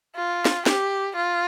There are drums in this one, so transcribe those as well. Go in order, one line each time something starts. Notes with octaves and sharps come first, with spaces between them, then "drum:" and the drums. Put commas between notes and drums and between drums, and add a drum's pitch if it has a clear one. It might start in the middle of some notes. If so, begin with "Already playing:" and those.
F4
drum: snare
G4, drum: snare
F4